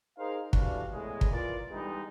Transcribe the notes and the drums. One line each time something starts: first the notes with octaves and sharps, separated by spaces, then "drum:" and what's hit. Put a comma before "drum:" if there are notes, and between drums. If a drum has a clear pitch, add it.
D#4 G#4 A#4 C5 F5
E3 G3 A3 D4 F#4 F5, drum: kick
E2 A2 G#3
drum: kick
E3 F4 A#4 D5
D3 E3 G3 G#3 B3 D#4